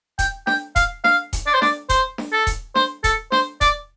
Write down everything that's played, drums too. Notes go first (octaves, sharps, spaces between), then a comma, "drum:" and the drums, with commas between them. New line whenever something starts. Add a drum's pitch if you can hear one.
G5, drum: kick D#1, hi-hat
G5, drum: snare D4
F5, drum: kick D#1, hi-hat
F5, drum: snare D4
drum: kick D#1, hi-hat
D5
C5
D5, drum: snare D4
C5, drum: kick D#1, hi-hat
drum: snare D4
A4
drum: kick D#1, hi-hat
C5, drum: snare D4
A4, drum: kick D#1, hi-hat
C5, drum: snare D4
D5, drum: kick D#1, hi-hat